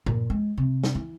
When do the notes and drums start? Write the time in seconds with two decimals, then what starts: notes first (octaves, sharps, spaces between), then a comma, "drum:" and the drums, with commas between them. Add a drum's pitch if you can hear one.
0.06 A#2, drum: tom G2
0.30 G#3
0.58 C3
0.84 drum: snare
0.95 E3